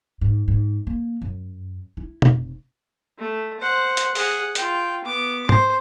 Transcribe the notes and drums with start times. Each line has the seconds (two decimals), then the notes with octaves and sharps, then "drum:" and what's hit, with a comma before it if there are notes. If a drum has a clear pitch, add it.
0.21 G#2
0.48 G#2
0.87 A#3
1.22 F#2
1.97 E4
2.22 F1, drum: tom
3.18 A3
3.60 C5 F#5
3.97 drum: hi-hat
4.15 G#4 F#5, drum: open hi-hat
4.55 F4 G5, drum: hi-hat
5.05 B3 D6
5.49 C5, drum: tom